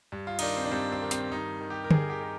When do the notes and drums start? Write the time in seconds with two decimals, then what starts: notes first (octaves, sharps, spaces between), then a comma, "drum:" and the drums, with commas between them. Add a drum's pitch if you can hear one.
0.12 G2
0.27 F4
0.39 D#4, drum: cymbal
0.42 D#3 D4
0.57 C4
0.65 D4
0.71 G2 C4
0.92 C4
1.02 D#3
1.11 C4, drum: hi-hat
1.31 G2 D#4
1.60 D#3
1.70 G4
1.84 A#4
1.91 G2 G#4, drum: tom D3
2.10 G4
2.21 D#3